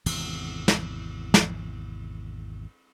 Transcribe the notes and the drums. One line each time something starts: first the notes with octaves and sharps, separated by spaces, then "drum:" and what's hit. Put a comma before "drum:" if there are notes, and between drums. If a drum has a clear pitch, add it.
G#1 E2 C3 E3, drum: cymbal
drum: snare
drum: snare